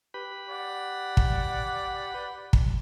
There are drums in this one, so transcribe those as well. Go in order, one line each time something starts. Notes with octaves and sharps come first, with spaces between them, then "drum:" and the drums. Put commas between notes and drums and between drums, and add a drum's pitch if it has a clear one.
G4 B4 B5
D5 F#5
drum: kick
drum: kick